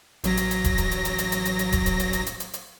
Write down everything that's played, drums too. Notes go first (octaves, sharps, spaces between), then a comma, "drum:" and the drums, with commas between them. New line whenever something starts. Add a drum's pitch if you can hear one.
A1 F#3 A#6, drum: hi-hat
drum: hi-hat
drum: hi-hat
drum: kick D1, hi-hat
drum: hi-hat
drum: hi-hat
drum: hi-hat
drum: hi-hat
drum: hi-hat
drum: hi-hat
drum: hi-hat
drum: kick D1, hi-hat
drum: hi-hat
drum: hi-hat
drum: hi-hat
drum: hi-hat
drum: hi-hat
drum: hi-hat